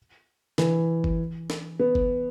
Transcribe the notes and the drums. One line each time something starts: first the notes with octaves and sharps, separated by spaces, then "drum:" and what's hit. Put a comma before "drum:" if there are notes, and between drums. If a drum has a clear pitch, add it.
E3, drum: snare
drum: kick G1
drum: snare
B3
drum: kick G1